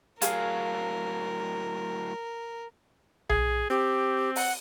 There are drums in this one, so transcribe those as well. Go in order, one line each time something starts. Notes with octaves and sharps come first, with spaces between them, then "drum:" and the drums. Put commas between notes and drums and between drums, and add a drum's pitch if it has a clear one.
A2 F#3 G#4 A#4 F5, drum: hi-hat
G#4, drum: tom B1
C4 G4
F#5, drum: open hi-hat